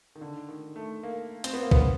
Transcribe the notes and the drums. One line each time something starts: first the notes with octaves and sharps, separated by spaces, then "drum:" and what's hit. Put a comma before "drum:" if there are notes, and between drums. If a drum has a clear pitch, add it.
D#3
D3
D#3
A3
A#3
C4, drum: hi-hat
B3
A#3
B3, drum: kick B1